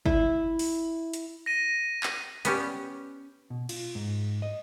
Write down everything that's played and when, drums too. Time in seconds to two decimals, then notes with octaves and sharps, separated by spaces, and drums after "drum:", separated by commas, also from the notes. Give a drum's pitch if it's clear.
0.06 E4, drum: kick
0.59 drum: open hi-hat
1.13 drum: hi-hat
1.46 A#6 D#7
2.03 drum: clap
2.45 B3 C#4 G4, drum: hi-hat
3.50 B2
3.69 F4, drum: cymbal
3.95 G#2
4.42 D#5